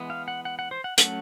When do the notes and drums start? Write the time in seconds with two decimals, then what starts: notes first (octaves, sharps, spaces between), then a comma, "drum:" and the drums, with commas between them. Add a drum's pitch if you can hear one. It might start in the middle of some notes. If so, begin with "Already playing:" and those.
Already playing: E3 G#3 B3
0.10 F5
0.28 F#5
0.45 F#5
0.59 F#5
0.71 C5
0.84 F#5
0.98 F#3 A3 C#4 F#5, drum: hi-hat